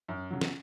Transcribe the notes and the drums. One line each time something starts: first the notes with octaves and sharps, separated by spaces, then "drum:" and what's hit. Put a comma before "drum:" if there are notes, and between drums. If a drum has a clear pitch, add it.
F#2
C#3 F#3
drum: snare